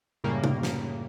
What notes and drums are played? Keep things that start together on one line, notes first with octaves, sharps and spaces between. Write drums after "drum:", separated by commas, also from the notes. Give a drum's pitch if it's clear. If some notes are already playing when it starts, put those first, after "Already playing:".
F#2 A2 C#3 G3 A#3
drum: tom C3
drum: snare